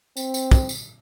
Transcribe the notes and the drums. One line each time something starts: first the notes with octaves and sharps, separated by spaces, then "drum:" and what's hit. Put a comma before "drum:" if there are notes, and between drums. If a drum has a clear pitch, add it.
C4, drum: tambourine
drum: tambourine
drum: kick, tambourine
drum: tambourine